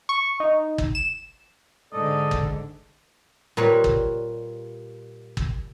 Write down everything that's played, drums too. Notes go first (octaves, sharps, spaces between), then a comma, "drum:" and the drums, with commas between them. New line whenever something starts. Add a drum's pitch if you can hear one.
C#6
D#4
drum: kick
E7
G#2 D3 A4 D5 D#5
drum: kick
A#2 G3 B4 C#5
drum: kick
drum: kick